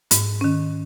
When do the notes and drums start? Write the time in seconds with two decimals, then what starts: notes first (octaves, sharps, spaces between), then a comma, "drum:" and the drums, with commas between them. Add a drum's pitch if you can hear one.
0.11 G#2, drum: hi-hat
0.41 D#3 C#4